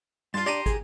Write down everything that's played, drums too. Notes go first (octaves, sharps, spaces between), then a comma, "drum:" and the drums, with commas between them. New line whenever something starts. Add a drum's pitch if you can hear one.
G2 F4 A5 C6
D4 G4 D5 A#5 D#6
G#4, drum: kick, hi-hat